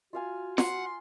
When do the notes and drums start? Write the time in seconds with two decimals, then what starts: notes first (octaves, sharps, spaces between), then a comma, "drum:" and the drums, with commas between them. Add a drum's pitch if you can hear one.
0.13 F4 F#4 F5 G#5
0.58 F#5 C6, drum: snare